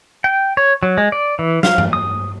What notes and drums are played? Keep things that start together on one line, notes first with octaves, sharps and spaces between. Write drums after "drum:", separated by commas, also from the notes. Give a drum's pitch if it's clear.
G5
C#5
F#3
G#3
D5
E3
F5, drum: snare
drum: tom G2
D#6